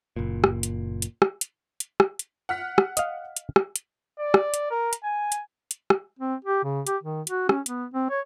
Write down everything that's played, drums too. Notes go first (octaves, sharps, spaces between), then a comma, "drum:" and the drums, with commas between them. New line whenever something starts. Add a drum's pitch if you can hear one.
F#1 A#2
drum: rim click
drum: hi-hat
drum: hi-hat
drum: rim click
drum: hi-hat
drum: hi-hat
drum: rim click
drum: hi-hat
F#5 F6 B6
drum: rim click
D#5 F5, drum: hi-hat
drum: hi-hat
drum: rim click
drum: hi-hat
D5
drum: rim click
drum: hi-hat
A#4
drum: hi-hat
G#5
drum: hi-hat
drum: hi-hat
drum: rim click
C4
G4
C#3
G4, drum: hi-hat
D#3
F#4, drum: hi-hat
C#4, drum: rim click
B3, drum: hi-hat
C4
C#5